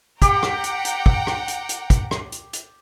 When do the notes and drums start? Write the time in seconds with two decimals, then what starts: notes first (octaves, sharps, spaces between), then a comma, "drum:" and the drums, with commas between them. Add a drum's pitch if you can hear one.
0.22 G4 F#5 G5 A#5 D6, drum: kick, hi-hat
0.43 drum: rim click
0.64 drum: hi-hat
0.85 drum: hi-hat
1.06 drum: kick
1.27 drum: rim click
1.48 drum: hi-hat
1.69 drum: hi-hat
1.90 drum: kick, hi-hat
2.11 drum: rim click
2.32 drum: hi-hat
2.53 drum: hi-hat